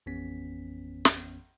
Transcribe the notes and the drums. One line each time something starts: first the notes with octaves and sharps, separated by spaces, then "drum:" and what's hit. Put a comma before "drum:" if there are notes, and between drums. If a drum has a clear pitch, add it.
A1 F2 E3 B3 C#4 B6
drum: snare